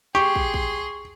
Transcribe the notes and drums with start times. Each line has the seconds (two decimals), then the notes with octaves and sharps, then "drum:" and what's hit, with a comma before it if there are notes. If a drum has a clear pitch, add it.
0.15 G4 G#4 C6 C#6, drum: snare
0.35 drum: kick
0.54 drum: kick